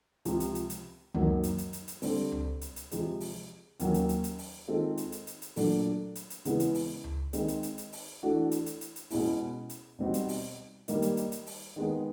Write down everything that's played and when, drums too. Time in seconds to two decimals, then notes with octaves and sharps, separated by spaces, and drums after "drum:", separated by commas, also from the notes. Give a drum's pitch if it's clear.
0.25 C#2 C3 F3, drum: hi-hat
0.40 drum: hi-hat
0.55 drum: hi-hat
0.70 drum: hi-hat
1.15 F#2 D#3 F#3 A#3, drum: tom C#2
1.43 drum: hi-hat
1.58 drum: hi-hat
1.73 drum: hi-hat
1.88 drum: hi-hat
2.02 D3 G3 C4, drum: open hi-hat
2.32 drum: tom C#2
2.61 drum: hi-hat
2.76 drum: hi-hat
2.91 C3 F3 G#3, drum: hi-hat
3.20 drum: open hi-hat
3.80 D#2 D#3 F#3 A#3 C#4, drum: hi-hat
3.94 drum: hi-hat
4.09 drum: hi-hat
4.24 drum: hi-hat
4.38 drum: open hi-hat
4.68 D#3 G#3 C4 F4 A4
4.97 drum: hi-hat
5.12 drum: hi-hat
5.27 drum: hi-hat
5.42 drum: hi-hat
5.56 A#2 F#3 A3 D4, drum: open hi-hat
6.15 drum: hi-hat
6.30 drum: hi-hat
6.45 C#3 E3 G#3 B3, drum: hi-hat
6.60 drum: hi-hat
6.74 drum: open hi-hat
7.04 drum: tom C#2
7.33 D#3 G#3 C4, drum: hi-hat
7.48 drum: hi-hat
7.63 drum: hi-hat
7.78 drum: hi-hat
7.92 drum: open hi-hat
8.23 E3 A3 D4 F#4
8.51 drum: hi-hat
8.66 drum: hi-hat
8.81 drum: hi-hat
8.96 drum: hi-hat
9.10 B2 G#3 C#4 E4, drum: open hi-hat
9.70 drum: hi-hat
9.99 B2 G3 C4 D#4 F#4
10.14 drum: hi-hat
10.29 drum: open hi-hat
10.88 D#3 G3 A#3 D#4, drum: hi-hat
11.02 drum: hi-hat
11.17 drum: hi-hat
11.32 drum: hi-hat
11.47 drum: open hi-hat
11.76 D#3 G#3 B3